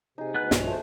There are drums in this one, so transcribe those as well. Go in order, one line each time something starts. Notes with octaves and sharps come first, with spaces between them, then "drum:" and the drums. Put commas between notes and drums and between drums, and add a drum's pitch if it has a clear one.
C3 D#4 G#4
D2 B3 B4 F#6
B1 G2 F3 F4 C#5 E5, drum: snare
A3 C5